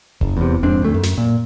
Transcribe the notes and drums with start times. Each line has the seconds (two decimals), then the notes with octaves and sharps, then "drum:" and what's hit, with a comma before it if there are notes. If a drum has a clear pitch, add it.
0.21 F#1, drum: kick E1
0.37 E2 C3
0.63 F2 G#2 C4 D4
0.82 D2 A3
0.94 F#2
1.03 drum: snare
1.18 A#2